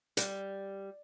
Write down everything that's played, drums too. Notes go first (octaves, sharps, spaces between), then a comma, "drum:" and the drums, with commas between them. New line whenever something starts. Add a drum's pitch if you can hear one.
G3, drum: hi-hat